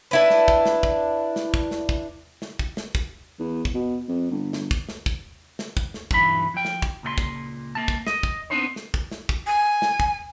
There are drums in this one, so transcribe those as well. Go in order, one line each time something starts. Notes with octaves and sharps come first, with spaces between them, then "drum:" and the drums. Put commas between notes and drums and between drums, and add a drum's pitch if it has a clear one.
D4 E4 B4
drum: snare
drum: kick
drum: snare
drum: kick
drum: snare
drum: kick
drum: snare
drum: kick
drum: snare
drum: kick
drum: snare
drum: kick
E2
drum: kick
B2
F2
G1
drum: snare
drum: kick
drum: snare
drum: kick
drum: snare
drum: kick
drum: snare
B1 G2 E3 B5, drum: kick
F3 G5
drum: snare
drum: kick
C#2 A#2 F4 C6
drum: kick
A#3 A5
drum: kick
D#5, drum: snare
drum: kick
B3 C4 D4 D#4 C5 C#5
drum: snare
drum: kick
drum: snare
drum: kick
G#5
drum: snare
drum: kick